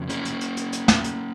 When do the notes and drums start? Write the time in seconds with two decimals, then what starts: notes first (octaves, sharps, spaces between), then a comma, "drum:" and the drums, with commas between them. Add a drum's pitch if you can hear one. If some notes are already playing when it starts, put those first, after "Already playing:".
Already playing: F2 C#3
0.09 A#3 C#4, drum: hi-hat
0.25 drum: hi-hat
0.41 drum: hi-hat
0.57 drum: hi-hat
0.72 drum: hi-hat
0.88 drum: snare
1.04 drum: hi-hat